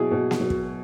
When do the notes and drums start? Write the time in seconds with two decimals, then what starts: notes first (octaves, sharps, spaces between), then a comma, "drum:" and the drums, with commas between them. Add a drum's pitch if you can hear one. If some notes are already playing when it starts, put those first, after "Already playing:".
Already playing: B2 F#3 E4 G#4
0.11 B2
0.31 drum: snare A#3
0.40 F#3
0.50 drum: kick